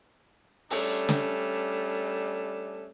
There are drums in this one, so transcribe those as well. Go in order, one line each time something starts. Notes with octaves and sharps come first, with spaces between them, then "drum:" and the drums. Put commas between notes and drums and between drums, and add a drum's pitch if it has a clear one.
G3 A3 C#4 D4, drum: open hi-hat
drum: snare